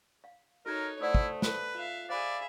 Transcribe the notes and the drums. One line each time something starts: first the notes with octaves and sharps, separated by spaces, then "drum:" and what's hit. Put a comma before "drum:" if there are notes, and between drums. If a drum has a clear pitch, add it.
F5
D#4 F#4 A4 A#4 C#5 A#5 F#6 G#6
A3 E4 C5 D5 E5 F#5 D#6
drum: kick
B4 G5, drum: snare
F4 E5 F5 F#6
G#4 C5 D5 E5 F5 B5 E6